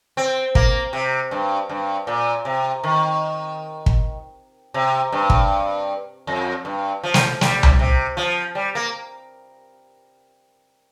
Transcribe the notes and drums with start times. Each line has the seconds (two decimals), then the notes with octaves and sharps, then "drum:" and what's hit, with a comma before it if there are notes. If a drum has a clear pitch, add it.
0.17 C4
0.55 A#3, drum: kick
0.93 C3
1.31 G2
1.69 G2
2.07 A#2
2.45 C3
2.84 D#3
3.86 drum: kick
4.74 C3
5.12 G2
5.30 drum: kick
6.27 F2
6.65 G2
7.03 F3
7.14 drum: snare
7.41 G3, drum: snare
7.63 drum: tom C2
7.79 C3
8.17 F3
8.55 G3
8.75 A#3